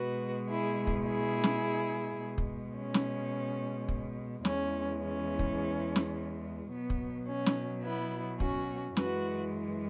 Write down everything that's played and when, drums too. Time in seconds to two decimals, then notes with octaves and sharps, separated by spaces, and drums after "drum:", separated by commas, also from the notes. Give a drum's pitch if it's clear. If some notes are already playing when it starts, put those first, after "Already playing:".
Already playing: B2 G#3 F#4 B4
0.50 E4 G#4
0.87 drum: kick
1.05 E4 G#4
1.44 drum: snare
2.18 B2 G#3
2.38 drum: kick
2.76 C#4
2.94 drum: snare
3.89 drum: kick
4.45 E2 E3 G#3 C#4, drum: snare
5.01 C#4
5.39 drum: kick
5.96 drum: snare
6.71 B2 F#3 B3
6.90 drum: kick
7.28 C#4
7.46 drum: snare
7.84 B3 E4
8.40 C#4 F#4, drum: kick
8.97 F#2 E3 G#3 F#4 B4, drum: snare